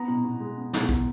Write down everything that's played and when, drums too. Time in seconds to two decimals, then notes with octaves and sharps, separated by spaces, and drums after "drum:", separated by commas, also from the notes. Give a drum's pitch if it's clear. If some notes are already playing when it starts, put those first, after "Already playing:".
Already playing: B3 A#5
0.08 B2
0.25 B2
0.40 G#3
0.57 B3
0.73 B2, drum: snare
0.89 B2, drum: kick